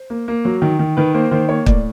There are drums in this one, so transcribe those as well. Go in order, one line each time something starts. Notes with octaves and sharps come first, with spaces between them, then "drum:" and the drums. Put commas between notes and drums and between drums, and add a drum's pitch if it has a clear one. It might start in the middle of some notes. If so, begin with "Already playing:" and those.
Already playing: C5
A#3
A#3
F#3
D#3
D#3
D#3 B4
A#3 C5
D#3 C5
A#3 C#5
A2 D5, drum: kick